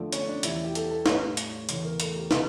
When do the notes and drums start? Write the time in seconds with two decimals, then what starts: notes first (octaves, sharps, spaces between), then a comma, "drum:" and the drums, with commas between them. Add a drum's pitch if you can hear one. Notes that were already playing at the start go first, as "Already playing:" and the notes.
Already playing: F2 D3 F3 A3
0.13 C#4, drum: hi-hat
0.27 D4
0.43 E2 E3 G3 E4, drum: hi-hat
0.64 G4
0.75 A4, drum: hi-hat
0.91 A4
1.06 A2 G3 C#5, drum: snare
1.37 drum: hi-hat
1.69 E2 C#3 E3 A3 C#5, drum: hi-hat
1.85 A#4
2.00 A4, drum: hi-hat
2.15 G4
2.31 C#3 E3 A3, drum: snare